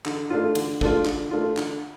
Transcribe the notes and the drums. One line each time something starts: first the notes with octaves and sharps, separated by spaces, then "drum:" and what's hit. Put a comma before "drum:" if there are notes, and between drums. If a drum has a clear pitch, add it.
D3, drum: clap
A3 D4 F4
D3, drum: cymbal
A3 D4 F4, drum: kick
D3, drum: clap
A3 D4 F4
D3, drum: clap